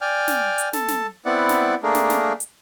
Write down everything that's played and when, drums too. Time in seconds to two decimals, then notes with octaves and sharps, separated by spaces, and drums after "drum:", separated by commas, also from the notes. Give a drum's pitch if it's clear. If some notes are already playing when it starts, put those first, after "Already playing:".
0.01 D5 G5 G#5 F6
0.28 drum: snare
0.58 drum: hi-hat
0.73 A4 A5, drum: snare
0.88 drum: snare
1.25 B3 C4 E4 D5 F#5
1.49 drum: snare
1.83 A3 A#3 D4 G#4 A#4
1.95 drum: snare
2.10 drum: snare
2.40 drum: hi-hat